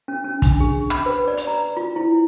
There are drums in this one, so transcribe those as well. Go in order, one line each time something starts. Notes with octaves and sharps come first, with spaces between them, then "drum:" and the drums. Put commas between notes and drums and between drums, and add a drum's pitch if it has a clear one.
C#4
C#4
D4, drum: kick, hi-hat
G#4
B5, drum: rim click
B4
D5
drum: hi-hat
A#5
F4
E4